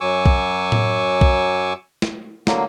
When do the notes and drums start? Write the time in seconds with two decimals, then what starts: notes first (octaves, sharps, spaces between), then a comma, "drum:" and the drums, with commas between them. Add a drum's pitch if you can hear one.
0.01 F#2 F#3 G#5 C#6 D6 E6
0.26 drum: kick B1
0.72 drum: tom A2
1.21 drum: kick B1
2.02 drum: snare
2.47 D3 F#3 A#3, drum: snare